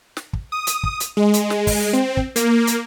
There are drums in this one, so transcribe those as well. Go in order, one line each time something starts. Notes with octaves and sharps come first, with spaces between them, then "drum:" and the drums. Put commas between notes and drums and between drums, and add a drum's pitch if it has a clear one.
drum: snare
drum: kick
D#6
drum: hi-hat
drum: kick
drum: hi-hat
G#3
drum: hi-hat
drum: snare
drum: kick, open hi-hat
C4
drum: kick
A#3, drum: hi-hat
drum: hi-hat